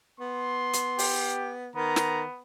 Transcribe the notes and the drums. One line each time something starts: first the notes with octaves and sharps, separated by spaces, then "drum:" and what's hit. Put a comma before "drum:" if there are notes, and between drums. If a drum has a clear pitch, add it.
B3 C6
drum: hi-hat
G4, drum: open hi-hat
D#3 B3 A#5
drum: snare